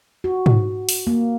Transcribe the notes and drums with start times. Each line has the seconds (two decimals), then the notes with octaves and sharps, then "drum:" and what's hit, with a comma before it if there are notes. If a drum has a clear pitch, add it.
0.24 F#4
0.46 drum: tom G#2
0.89 drum: open hi-hat
1.07 A#3